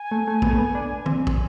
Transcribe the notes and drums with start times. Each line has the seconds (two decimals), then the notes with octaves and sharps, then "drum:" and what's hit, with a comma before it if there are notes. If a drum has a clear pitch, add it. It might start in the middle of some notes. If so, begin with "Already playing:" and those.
Already playing: G#5
0.11 A3
0.28 A3
0.42 B3, drum: kick
0.50 A3
0.58 B3
0.75 D4
1.06 C4, drum: tom
1.27 drum: kick